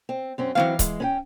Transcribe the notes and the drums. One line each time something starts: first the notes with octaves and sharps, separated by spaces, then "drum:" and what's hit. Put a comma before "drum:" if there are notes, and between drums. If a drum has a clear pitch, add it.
C4
F#2 C4 C#4
E3 F#3 G3 C4 E4 F5
G#3, drum: kick C#1, hi-hat
C#4 A#4 G5